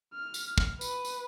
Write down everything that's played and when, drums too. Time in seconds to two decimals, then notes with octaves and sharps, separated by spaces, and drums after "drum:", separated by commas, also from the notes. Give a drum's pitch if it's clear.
0.14 F6
0.34 drum: tambourine
0.58 drum: kick
0.81 B4, drum: tambourine
1.05 drum: tambourine